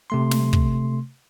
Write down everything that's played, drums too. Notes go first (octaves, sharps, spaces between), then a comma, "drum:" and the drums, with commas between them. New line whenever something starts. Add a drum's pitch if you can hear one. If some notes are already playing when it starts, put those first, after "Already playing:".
C3 A3 C6
drum: snare
drum: kick